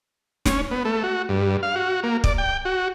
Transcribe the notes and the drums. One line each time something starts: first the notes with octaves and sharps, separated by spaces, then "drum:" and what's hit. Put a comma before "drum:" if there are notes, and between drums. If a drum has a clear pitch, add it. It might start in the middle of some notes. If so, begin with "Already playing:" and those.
C#4, drum: snare
B3
A3
F#4
G2
F5
F#4
A#3
D5, drum: kick
G5
F#4